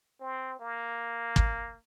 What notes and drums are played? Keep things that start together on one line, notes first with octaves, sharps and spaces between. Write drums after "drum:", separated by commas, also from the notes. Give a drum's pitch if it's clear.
C4
A#3
drum: kick